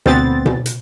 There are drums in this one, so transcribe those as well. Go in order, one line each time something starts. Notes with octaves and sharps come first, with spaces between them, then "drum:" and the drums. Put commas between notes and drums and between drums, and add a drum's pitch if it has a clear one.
D2 B3 C4 A6, drum: tom B2
drum: tom B2
drum: hi-hat